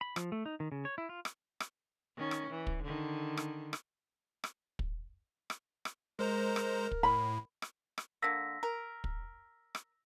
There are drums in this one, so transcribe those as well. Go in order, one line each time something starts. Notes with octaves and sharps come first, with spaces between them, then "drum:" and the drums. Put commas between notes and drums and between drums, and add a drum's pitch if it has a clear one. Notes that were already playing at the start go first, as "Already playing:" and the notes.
B5
F3, drum: rim click
A3
D#4
D#3
C#3
C#5
E4
F4
drum: rim click
drum: rim click
D#3 C#4
drum: rim click
E3
drum: kick
D3 D#3
drum: rim click
drum: rim click
drum: rim click
drum: kick
drum: rim click
drum: rim click
G#3 A#4 C5 A#5
drum: rim click
drum: kick
A2 B5
drum: rim click
drum: rim click
D3 A#3 E6 A#6 B6
A#4
drum: kick
drum: rim click